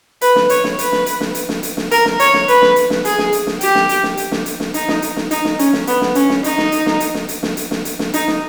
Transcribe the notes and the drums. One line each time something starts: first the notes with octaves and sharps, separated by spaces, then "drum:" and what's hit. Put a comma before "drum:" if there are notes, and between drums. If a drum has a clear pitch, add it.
B4, drum: hi-hat
drum: snare
C#5, drum: hi-hat
drum: snare
B4, drum: hi-hat
drum: snare
drum: hi-hat
drum: snare
drum: hi-hat
drum: snare
drum: hi-hat
drum: snare
A#4, drum: hi-hat
drum: snare
C#5, drum: hi-hat
drum: snare
B4, drum: hi-hat
drum: snare
drum: hi-hat
drum: snare
G#4, drum: hi-hat
drum: snare
drum: hi-hat
drum: snare
G4, drum: hi-hat
drum: snare
drum: hi-hat
drum: snare
drum: hi-hat
drum: snare
drum: hi-hat
drum: snare
D#4, drum: hi-hat
drum: snare
drum: hi-hat
drum: snare
D#4, drum: hi-hat
drum: snare
C#4, drum: hi-hat
drum: snare
B3, drum: hi-hat
drum: snare
C#4, drum: hi-hat
drum: snare
D#4, drum: hi-hat
drum: snare
drum: hi-hat
drum: snare
drum: hi-hat
drum: snare
drum: hi-hat
drum: snare
drum: hi-hat
drum: snare
drum: hi-hat
drum: snare
D#4, drum: hi-hat
drum: snare